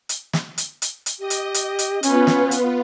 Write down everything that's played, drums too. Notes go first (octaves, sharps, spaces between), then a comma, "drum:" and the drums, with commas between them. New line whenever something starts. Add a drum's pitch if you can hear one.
drum: hi-hat
drum: snare
drum: hi-hat
drum: hi-hat
drum: hi-hat
G4 D#5
drum: hi-hat
drum: hi-hat
drum: hi-hat
B3 C#4 F4 B4, drum: hi-hat
drum: snare
drum: hi-hat